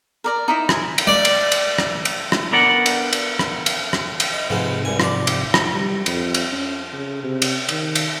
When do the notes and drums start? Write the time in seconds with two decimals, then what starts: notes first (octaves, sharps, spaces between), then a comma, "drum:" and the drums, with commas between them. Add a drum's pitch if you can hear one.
0.24 A#4 D5 A#5
0.48 D#4 E4 E5
0.69 E5 G#5, drum: rim click
0.98 drum: cymbal
1.07 D5
1.25 drum: cymbal
1.52 drum: cymbal
1.78 drum: rim click
2.05 drum: cymbal
2.32 drum: rim click
2.52 B3 D4 A#4 D5 F#5
2.86 drum: cymbal
3.13 drum: cymbal
3.39 drum: rim click
3.66 drum: cymbal
3.93 drum: rim click
4.20 drum: cymbal
4.33 D#5
4.50 G#2 C3 F3 G#3 B3
4.85 C2 G#5
5.00 F3 D5, drum: rim click
5.27 drum: cymbal
5.54 drum: rim click
5.74 G3
6.06 F2, drum: cymbal
6.34 drum: cymbal
6.53 C#4
6.93 C#3
7.24 C3
7.42 drum: cymbal
7.69 D#3, drum: cymbal
7.95 drum: cymbal